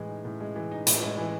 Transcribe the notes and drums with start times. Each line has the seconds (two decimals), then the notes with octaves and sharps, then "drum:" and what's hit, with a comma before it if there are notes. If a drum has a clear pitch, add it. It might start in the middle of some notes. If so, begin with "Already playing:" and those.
Already playing: A2 E3 G#3
0.09 D#4
0.25 A2
0.40 G#3
0.56 E3
0.71 D#4
0.87 A2, drum: hi-hat
1.03 G#3
1.18 E3